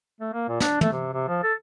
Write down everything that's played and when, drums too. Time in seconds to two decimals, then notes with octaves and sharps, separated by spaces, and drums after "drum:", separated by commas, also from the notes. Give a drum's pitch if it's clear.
0.20 A3
0.33 A#3
0.48 A#2
0.60 D4, drum: snare
0.81 A3, drum: tom
0.92 C3
1.13 C3
1.28 F3
1.43 A4